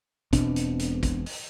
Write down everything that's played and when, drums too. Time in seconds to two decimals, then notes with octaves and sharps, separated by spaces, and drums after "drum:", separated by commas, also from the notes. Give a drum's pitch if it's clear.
0.33 E1 B2 C4 D4, drum: kick, hi-hat
0.56 drum: hi-hat
0.79 drum: hi-hat
1.03 drum: kick, hi-hat
1.26 drum: open hi-hat